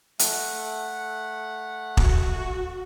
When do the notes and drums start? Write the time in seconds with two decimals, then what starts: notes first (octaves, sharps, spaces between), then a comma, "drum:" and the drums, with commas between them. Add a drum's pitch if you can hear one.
0.19 A3 F#5, drum: hi-hat
1.97 F#4, drum: kick